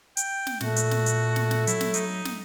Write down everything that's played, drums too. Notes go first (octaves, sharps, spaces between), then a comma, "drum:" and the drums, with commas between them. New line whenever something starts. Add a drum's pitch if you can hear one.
G5, drum: hi-hat
drum: snare
A#2 A3 F#4, drum: snare
drum: hi-hat
drum: snare
drum: hi-hat
drum: snare
drum: snare
F#3 E4, drum: hi-hat
drum: snare
D#4, drum: hi-hat
drum: snare